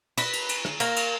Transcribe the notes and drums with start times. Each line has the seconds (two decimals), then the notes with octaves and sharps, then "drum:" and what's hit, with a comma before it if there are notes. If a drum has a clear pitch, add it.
0.18 B4, drum: cymbal
0.33 drum: cymbal
0.49 drum: cymbal
0.65 drum: rim click
0.80 A#3, drum: cymbal
0.96 drum: cymbal